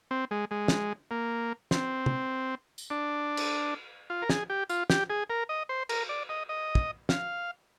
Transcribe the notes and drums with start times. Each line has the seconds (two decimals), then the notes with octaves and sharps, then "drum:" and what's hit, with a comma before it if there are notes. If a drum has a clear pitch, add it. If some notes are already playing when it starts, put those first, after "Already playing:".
0.11 C4
0.31 G#3
0.51 G#3
0.68 drum: snare
1.11 A#3
1.71 C4, drum: snare
2.06 drum: tom
2.78 drum: tambourine
2.90 D4
3.37 drum: cymbal
4.10 F4
4.22 A#4
4.30 G#4, drum: snare
4.50 G4
4.70 F4, drum: tambourine
4.90 G4, drum: snare
5.10 G#4
5.30 A#4
5.49 D#5
5.69 C5
5.89 A#4, drum: cymbal
6.09 D5
6.29 D#5
6.49 D#5
6.75 drum: kick
7.09 F5, drum: snare